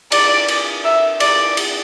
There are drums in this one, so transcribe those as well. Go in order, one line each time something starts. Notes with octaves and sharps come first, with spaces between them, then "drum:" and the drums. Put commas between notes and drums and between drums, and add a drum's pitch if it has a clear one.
D5, drum: cymbal
drum: cymbal
E5
D5, drum: cymbal
drum: cymbal